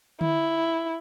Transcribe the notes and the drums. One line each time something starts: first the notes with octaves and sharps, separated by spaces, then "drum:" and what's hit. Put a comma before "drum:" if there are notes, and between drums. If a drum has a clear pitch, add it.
E4, drum: tom D3